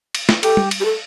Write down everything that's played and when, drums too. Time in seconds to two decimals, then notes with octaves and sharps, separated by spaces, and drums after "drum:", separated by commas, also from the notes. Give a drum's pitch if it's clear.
0.15 drum: cymbal
0.29 drum: snare
0.43 G4 A4, drum: cymbal
0.57 drum: tom G3
0.71 drum: cymbal
0.80 G4
0.85 A4